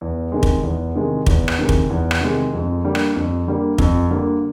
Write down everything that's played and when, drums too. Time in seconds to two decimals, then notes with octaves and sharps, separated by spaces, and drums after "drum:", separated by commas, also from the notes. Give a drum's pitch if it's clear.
0.01 E2
0.32 C3 D#3 G#3
0.43 drum: kick
0.63 E2
0.95 C3 D#3 G#3
1.26 E2, drum: kick
1.48 drum: rim click
1.59 C3 D#3 G#3
1.69 drum: kick
1.90 E2
2.11 drum: rim click
2.21 C3 D#3 G#3
2.53 F2
2.84 D3 G3 A#3
2.95 drum: rim click
3.15 F2
3.47 D3 G3 A#3
3.78 F2, drum: kick
4.10 D3 G3 A#3